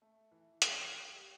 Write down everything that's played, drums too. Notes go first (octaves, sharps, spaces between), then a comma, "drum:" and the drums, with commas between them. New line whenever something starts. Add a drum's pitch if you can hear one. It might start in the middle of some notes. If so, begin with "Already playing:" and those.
A3
E3
E4, drum: hi-hat
G4
G3